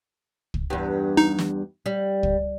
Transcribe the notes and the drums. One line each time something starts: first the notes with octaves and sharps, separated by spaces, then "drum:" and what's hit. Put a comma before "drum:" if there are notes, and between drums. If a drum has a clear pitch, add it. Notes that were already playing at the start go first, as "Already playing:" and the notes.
drum: kick
E2 G2
D#4
drum: snare
G3
drum: kick